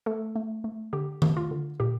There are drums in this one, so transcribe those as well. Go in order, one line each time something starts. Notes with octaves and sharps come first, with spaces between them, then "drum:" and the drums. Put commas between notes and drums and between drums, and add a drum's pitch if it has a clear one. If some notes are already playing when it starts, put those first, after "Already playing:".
A3 A4
A3
A3
D3 G4
A3, drum: tom D#3
F4
D3
A#2 G4